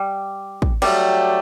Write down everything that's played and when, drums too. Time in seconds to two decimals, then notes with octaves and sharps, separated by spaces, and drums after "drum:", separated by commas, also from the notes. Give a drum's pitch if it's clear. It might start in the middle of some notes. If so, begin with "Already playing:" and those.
Already playing: G3
0.62 drum: kick
0.82 F#3 G3 A3 D4 G4, drum: cymbal